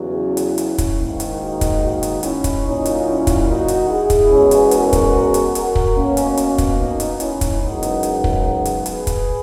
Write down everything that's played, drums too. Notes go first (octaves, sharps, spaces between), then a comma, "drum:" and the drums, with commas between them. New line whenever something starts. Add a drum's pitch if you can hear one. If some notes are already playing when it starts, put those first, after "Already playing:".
Already playing: E2 C#3 F#3
C#4 E4
drum: hi-hat
drum: hi-hat
drum: kick, hi-hat
G#2 D#3 A#3
drum: hi-hat
D#4 F#4
drum: kick, hi-hat
D#4 F#4
drum: hi-hat
C#4 E4, drum: hi-hat
drum: kick, hi-hat
A#2 F#3 A#3 C#4 D#4
drum: hi-hat
C#4 E4
drum: kick, hi-hat
D#4 F#4
drum: hi-hat
E4 G#4
drum: kick, hi-hat
E2 B2 G#3 C#4
drum: hi-hat
F#4 A#4, drum: hi-hat
drum: kick, hi-hat
drum: hi-hat
F#4 A#4, drum: hi-hat
drum: kick
B2 A#3 C#4
drum: hi-hat
C#4, drum: hi-hat
drum: kick, hi-hat
D#4
drum: hi-hat
C#4 E4, drum: hi-hat
drum: kick, hi-hat
F#2 C#3 G#3 B3 D#4
drum: hi-hat
D#4, drum: hi-hat
drum: kick
drum: hi-hat
G#4 B4, drum: hi-hat
drum: kick, hi-hat